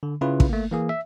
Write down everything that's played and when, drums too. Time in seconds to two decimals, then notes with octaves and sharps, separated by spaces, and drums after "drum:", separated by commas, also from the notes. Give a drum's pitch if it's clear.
0.03 D3
0.21 C#3 C#4 E4 F4 B4
0.40 drum: kick
0.49 A3 A#3
0.71 E3 A#3 G#4
0.89 E5